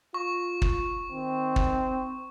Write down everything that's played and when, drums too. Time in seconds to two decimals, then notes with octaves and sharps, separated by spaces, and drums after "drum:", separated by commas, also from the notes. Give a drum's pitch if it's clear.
0.14 F4 C#6
0.62 drum: kick
1.13 D#3 C4
1.56 drum: kick